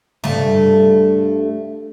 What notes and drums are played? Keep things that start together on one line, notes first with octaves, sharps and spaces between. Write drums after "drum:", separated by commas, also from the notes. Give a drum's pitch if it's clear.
G2 A3, drum: tom